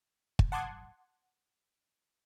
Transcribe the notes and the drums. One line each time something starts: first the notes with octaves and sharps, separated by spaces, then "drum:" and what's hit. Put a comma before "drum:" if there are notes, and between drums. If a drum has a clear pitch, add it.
drum: kick
F#5 A5 C6 D6 D#6 G#6